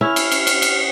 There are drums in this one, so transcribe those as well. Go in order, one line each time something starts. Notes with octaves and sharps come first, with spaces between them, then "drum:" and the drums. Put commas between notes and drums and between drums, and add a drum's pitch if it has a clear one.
C#4 E4 F6
drum: cymbal
drum: cymbal
drum: cymbal
drum: cymbal